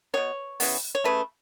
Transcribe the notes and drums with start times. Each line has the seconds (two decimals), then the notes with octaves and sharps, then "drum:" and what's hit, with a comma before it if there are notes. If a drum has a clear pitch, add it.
0.14 B2 B3 C#5
0.60 C#3 E3 B3, drum: open hi-hat
0.95 C#5
1.04 C#3 A3 B4